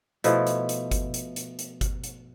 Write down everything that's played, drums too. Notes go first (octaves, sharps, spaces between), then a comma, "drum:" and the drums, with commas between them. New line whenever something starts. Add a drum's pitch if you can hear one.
B2 F3 A3 E4, drum: hi-hat
drum: hi-hat
drum: hi-hat
drum: kick G1, hi-hat
drum: hi-hat
drum: hi-hat
drum: hi-hat
drum: kick G1, hi-hat
drum: hi-hat